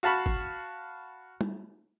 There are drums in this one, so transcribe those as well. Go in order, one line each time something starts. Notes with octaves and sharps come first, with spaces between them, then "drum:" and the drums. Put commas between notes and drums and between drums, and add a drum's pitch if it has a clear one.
F#4 F5 A5 B5 C#6
drum: kick
drum: tom